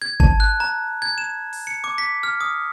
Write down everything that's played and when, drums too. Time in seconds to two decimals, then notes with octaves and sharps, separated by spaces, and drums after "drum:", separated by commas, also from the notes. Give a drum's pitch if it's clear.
0.02 G#6
0.20 A5, drum: kick G#1
0.40 F#6
0.60 A#5
1.02 G#6
1.18 E7
1.53 drum: open hi-hat
1.67 C#7
1.84 D6
1.98 B6
2.23 F6
2.41 D#6